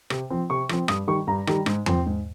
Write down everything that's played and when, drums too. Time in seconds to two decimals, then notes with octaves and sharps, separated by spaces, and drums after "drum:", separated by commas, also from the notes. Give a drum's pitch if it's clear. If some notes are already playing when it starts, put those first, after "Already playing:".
0.10 C3, drum: rim click
0.30 F3 C4
0.50 C3 C#6
0.69 F3 C4, drum: rim click
0.88 G2 D#6, drum: rim click
1.08 D#3 G3 C#6
1.27 G2 A#5
1.47 D#3 G3, drum: rim click
1.66 G#2, drum: rim click
1.86 F3 C4, drum: tom E2
2.06 G#2